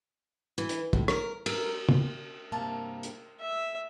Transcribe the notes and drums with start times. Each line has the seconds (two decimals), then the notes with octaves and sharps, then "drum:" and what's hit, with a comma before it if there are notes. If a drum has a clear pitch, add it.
0.58 E3
0.69 drum: hi-hat
0.93 A2, drum: kick
1.08 A#4, drum: rim click
1.46 A#4, drum: cymbal
1.89 drum: tom
2.52 G2 C3 A#3 A5
3.03 drum: hi-hat
3.40 E5